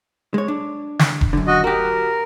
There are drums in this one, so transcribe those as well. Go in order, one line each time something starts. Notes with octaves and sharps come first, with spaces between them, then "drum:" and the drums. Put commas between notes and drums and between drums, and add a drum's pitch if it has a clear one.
G#3 C#5
D4
drum: snare
drum: kick E1
F#2 D3
F#4 D#5
F#4 G4 A#4